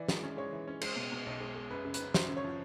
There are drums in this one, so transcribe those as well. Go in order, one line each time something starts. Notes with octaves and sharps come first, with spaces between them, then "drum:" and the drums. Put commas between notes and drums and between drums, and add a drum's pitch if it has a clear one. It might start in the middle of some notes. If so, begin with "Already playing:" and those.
Already playing: E3 D5
G#3, drum: snare
C#4
G#3 C#5
E3
C#4
G#3 C5, drum: cymbal
B2
B2
B1
G#3
G#3
F#2 B4
C#3
B4, drum: hi-hat
F#2
F#2 C5, drum: snare
C#3
C#5
F3